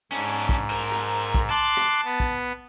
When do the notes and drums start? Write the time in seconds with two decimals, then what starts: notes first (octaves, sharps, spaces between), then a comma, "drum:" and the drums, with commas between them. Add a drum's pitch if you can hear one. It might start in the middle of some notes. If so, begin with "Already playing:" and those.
0.12 G#2 C#4 D4
0.49 drum: kick
0.70 A#4 C5
0.92 drum: rim click
1.34 drum: kick
1.50 A5 C6 D6 F#6
1.77 drum: rim click
2.04 B3
2.20 drum: kick